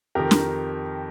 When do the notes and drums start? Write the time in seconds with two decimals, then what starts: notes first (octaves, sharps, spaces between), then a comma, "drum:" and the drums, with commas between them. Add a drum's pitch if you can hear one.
0.15 F2 D#3 G4 A#4
0.31 drum: snare